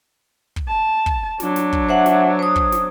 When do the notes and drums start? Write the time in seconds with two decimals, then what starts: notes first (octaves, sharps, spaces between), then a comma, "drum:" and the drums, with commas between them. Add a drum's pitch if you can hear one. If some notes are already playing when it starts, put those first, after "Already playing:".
0.56 drum: kick
0.68 A5
1.06 drum: kick
1.40 F#3 D4, drum: snare
1.56 drum: snare
1.73 drum: kick
1.89 C5 E5 F#5
2.06 drum: snare
2.39 C5 D#6
2.56 drum: kick
2.72 drum: snare